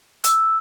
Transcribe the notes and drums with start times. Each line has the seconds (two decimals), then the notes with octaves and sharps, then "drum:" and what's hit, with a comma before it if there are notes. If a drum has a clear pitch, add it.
0.24 E6, drum: hi-hat